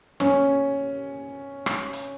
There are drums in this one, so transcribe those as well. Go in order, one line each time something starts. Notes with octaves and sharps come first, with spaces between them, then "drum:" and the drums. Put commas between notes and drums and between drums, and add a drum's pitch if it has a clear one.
C#4, drum: snare
drum: rim click
drum: hi-hat